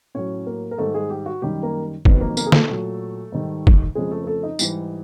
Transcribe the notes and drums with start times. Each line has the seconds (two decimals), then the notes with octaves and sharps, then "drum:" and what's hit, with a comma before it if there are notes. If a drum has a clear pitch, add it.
0.15 A2 F#3 C#4 C#5
0.47 A#3 A#4
0.71 A#4
0.78 G#2 D#3 G3 A3 A4
0.94 G#3 G#4
1.10 G4
1.26 F#4
1.42 F#2 D#3 G3 G4
1.63 A#3 A#4
2.05 F2 C3 D#3 F#3 B3 B4, drum: kick
2.21 A#3 A#4
2.37 A#3 A#4, drum: tambourine
2.46 G#4
2.52 A3 A4, drum: snare
2.68 A#2 F#3
3.32 G#2 D#3 G3
3.67 drum: kick
3.95 F2 C#3 F3 G#3 G#4
4.11 A3 A4
4.23 A#4
4.27 A3 A4
4.43 D#4 D#5
4.59 G#2 E3 G3, drum: tambourine